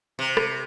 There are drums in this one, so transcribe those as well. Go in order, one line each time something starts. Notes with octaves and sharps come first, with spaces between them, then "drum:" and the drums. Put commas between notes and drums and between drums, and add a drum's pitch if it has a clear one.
C3
drum: rim click